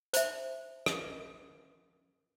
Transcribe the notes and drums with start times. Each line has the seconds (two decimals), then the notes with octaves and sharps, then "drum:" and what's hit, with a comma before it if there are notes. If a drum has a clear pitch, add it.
0.13 C5 E5, drum: hi-hat
0.86 drum: rim click